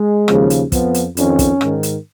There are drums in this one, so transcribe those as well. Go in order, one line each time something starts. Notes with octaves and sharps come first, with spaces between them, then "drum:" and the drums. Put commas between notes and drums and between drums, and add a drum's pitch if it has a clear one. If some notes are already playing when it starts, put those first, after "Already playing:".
Already playing: G#3
D#2 C#3 F3, drum: rim click
drum: hi-hat
F2 F3 B3, drum: kick, hi-hat
drum: hi-hat
F2 D#3 C#4, drum: hi-hat
drum: kick, hi-hat
G#2 D#3, drum: rim click
drum: hi-hat